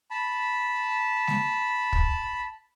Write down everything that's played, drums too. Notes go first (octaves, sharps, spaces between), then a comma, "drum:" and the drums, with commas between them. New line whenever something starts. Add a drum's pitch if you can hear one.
A5 B5
drum: snare G#3
drum: kick